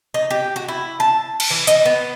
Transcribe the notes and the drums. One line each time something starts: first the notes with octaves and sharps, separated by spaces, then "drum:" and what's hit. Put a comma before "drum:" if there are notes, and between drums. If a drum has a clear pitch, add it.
D#4
G4
F#4
E4
A5
drum: cymbal
E3
D#5, drum: hi-hat
B3